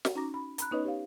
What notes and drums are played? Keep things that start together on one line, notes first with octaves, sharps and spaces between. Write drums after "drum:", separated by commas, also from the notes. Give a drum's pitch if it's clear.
drum: snare
C#4 D#4 F#4 A#5 D6 A#6
B5
A#5 B5 F#6, drum: hi-hat
B3 C#4 D#4 B4 C#5 D#5
G4 C#5 F5